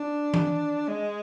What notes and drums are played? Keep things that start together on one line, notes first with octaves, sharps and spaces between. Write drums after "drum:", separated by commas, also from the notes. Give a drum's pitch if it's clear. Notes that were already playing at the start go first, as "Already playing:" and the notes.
Already playing: D4
drum: tom E3
G#3